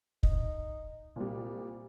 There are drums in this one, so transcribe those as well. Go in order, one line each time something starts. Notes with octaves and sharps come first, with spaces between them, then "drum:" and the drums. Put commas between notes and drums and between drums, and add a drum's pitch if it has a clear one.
D#4, drum: kick
C2 A#2 G3